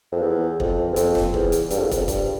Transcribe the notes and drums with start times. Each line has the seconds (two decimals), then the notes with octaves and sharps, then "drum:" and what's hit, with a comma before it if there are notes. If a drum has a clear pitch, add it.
0.12 F2
0.22 E2
0.60 F2, drum: kick
0.92 E2
0.96 F2, drum: hi-hat
1.15 drum: snare
1.34 E2, drum: kick
1.52 drum: hi-hat
1.71 G2, drum: hi-hat
1.78 F2
1.84 E2
1.91 F2, drum: kick, hi-hat
2.08 G2, drum: kick, hi-hat